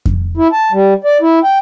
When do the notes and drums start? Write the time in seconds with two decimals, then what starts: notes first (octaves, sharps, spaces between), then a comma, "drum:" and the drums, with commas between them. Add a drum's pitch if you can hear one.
0.06 drum: kick F2
0.37 E4
0.53 A5
0.72 G3
1.04 D5
1.21 E4
1.44 G5